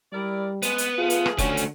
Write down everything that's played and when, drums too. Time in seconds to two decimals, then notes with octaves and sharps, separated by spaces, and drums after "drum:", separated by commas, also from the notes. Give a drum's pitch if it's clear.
0.13 G3 E4 A#4 D5
0.62 G#3 B3, drum: hi-hat
0.78 drum: hi-hat
0.98 F3 A3 F4 G#4
1.10 drum: hi-hat
1.26 drum: rim click
1.38 D3 F3 A3 C#4 F#4, drum: kick F1, hi-hat
1.57 drum: hi-hat